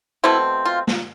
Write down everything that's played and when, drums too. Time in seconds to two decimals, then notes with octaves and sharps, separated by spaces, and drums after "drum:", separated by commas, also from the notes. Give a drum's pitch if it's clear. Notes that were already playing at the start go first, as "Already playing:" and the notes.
0.24 B2 A3 C4 E4
0.65 F4
0.87 drum: snare